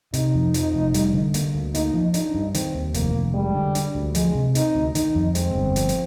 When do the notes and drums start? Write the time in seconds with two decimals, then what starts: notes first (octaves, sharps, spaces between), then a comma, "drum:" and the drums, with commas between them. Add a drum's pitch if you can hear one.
0.14 C3 D#4, drum: hi-hat
0.34 F2
0.54 F3, drum: hi-hat
0.74 F1
0.94 G3, drum: hi-hat
1.14 D3
1.34 A#3, drum: hi-hat
1.55 D2
1.75 A#3 D#4, drum: hi-hat
1.94 F3
2.14 D4 D#4, drum: hi-hat
2.35 G2
2.55 D#3 C4, drum: hi-hat
2.75 D#2
2.94 F1 A#3, drum: hi-hat
3.14 F1
3.35 G3 G#3
3.55 D3
3.75 D4, drum: hi-hat
3.95 D2
4.15 F3 G#3, drum: hi-hat
4.35 C3
4.55 C4 D#4, drum: hi-hat
4.75 D2
4.95 D#3 D#4, drum: hi-hat
5.15 F2
5.35 G#3 C4, drum: hi-hat
5.55 G1
5.76 F3, drum: hi-hat
5.89 drum: hi-hat